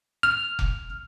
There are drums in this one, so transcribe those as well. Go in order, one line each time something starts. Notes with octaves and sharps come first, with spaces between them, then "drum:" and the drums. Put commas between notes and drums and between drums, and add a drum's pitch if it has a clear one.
F6
drum: kick F1